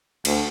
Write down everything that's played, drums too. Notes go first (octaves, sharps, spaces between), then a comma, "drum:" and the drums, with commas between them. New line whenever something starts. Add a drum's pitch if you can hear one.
D2, drum: cymbal